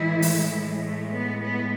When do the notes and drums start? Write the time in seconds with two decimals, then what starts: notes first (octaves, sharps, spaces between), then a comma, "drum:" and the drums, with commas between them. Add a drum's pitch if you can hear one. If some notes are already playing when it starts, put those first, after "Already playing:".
Already playing: A2 E3 G#3 E4
0.22 drum: open hi-hat
0.84 A3
1.12 B3
1.41 B3